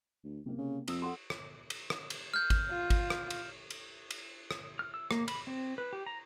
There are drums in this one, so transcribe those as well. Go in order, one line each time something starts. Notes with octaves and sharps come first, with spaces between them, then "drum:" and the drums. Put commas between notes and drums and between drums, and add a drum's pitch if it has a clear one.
D2
F#1 C3 A#3
C#3
F2 D#6 E6, drum: cymbal
A4 F#5 C6
drum: rim click
drum: cymbal
drum: rim click
drum: cymbal
F6 G6
drum: kick G#1, cymbal
F4
drum: kick G#1, cymbal
drum: rim click
drum: cymbal
drum: cymbal
drum: cymbal
drum: rim click
F6
E6
A#3, drum: rim click
B5, drum: cymbal
C4
B4
G4
A#5